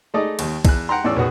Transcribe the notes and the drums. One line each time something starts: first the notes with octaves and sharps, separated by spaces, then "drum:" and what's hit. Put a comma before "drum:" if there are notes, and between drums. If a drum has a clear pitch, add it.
G#3 A3 D#4 D5 D#5
D#2 D#3, drum: cymbal
E2 F#6, drum: kick, cymbal
F#5 G5 A#5 C6
E2 A2 C#4 D5 E6
A#1 B3 F#4 G#4